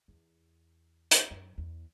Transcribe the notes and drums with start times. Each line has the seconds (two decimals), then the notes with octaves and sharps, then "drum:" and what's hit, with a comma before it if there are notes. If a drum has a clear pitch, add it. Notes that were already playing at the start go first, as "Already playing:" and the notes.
0.08 E2
1.11 drum: hi-hat
1.31 F#2
1.58 E2